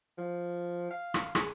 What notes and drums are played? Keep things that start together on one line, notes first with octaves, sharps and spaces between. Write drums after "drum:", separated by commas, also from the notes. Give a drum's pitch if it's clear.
F3
F5
drum: rim click
G#4, drum: rim click